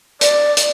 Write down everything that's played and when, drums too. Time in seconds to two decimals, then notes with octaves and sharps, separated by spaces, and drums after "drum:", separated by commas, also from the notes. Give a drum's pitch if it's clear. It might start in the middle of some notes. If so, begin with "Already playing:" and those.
0.21 D5, drum: hi-hat
0.57 drum: hi-hat